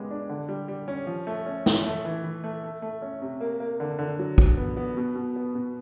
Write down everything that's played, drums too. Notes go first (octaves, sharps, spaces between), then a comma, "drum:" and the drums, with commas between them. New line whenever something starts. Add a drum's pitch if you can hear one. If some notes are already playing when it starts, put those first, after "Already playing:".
Already playing: C#3 G#3 B3 G4
D4
D3
G3
G3
C#4
F3
A3
C#4
C#4, drum: snare
A3
E3
E3
A3
A3
A3
C#4
C3
A#3
A#3
D3
D3
F#3
F#3, drum: kick
B3
B3
B2
B2
B3
B2